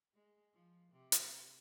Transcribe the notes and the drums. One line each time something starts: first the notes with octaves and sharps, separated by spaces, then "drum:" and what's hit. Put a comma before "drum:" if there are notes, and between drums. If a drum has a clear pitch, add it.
G#3
F3
C3
drum: hi-hat